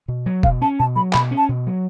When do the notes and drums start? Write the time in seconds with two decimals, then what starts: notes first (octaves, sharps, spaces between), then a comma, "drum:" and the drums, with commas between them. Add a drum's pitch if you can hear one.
0.08 B2
0.26 F#3
0.43 B2 F5, drum: kick F1
0.61 C#4 A5
0.79 B2 A5
0.96 F#3 B5
1.13 B2 B5, drum: clap
1.31 C#4
1.38 A5
1.49 B2
1.67 F#3